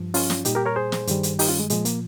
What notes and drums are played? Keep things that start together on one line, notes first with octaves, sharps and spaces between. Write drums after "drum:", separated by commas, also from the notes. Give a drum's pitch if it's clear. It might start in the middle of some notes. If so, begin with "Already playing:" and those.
Already playing: G2 F3
C#4 F4, drum: open hi-hat
drum: snare
A#2 G3 D#4 G4, drum: hi-hat
G4 A#4
A#4 C#5
G#4 C5
drum: snare
G2 D#3 G3, drum: hi-hat
drum: hi-hat
D#4 G4, drum: open hi-hat
C#4 F4
G#3
A#2 F3 G#3, drum: hi-hat
A#3, drum: hi-hat